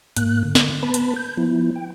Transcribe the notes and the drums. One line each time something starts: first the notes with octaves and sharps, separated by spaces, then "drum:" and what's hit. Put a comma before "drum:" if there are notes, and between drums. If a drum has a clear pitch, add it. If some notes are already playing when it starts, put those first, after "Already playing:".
G#2 A#3 F#6, drum: hi-hat
D3
drum: snare
B3 B4 A5 B5
drum: hi-hat
G6
F3 B3 E4
G5